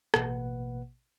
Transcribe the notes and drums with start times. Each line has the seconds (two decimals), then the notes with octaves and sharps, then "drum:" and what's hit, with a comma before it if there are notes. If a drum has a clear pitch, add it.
0.14 A1 B2 A#3 B4 F#5, drum: rim click